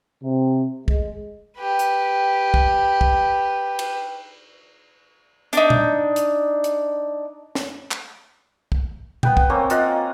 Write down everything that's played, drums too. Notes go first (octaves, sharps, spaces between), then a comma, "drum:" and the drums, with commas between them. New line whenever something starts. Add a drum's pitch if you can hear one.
C3
G#3, drum: kick
G4 B4
drum: hi-hat
drum: kick
drum: kick
drum: cymbal
D4 D#4, drum: hi-hat
drum: tom A#2
drum: hi-hat
drum: hi-hat
drum: snare
drum: clap
drum: kick
B3 B4 G5, drum: tom A#2
drum: kick
A#3 C4 C#4
A#3 F4 D#5 F#5, drum: hi-hat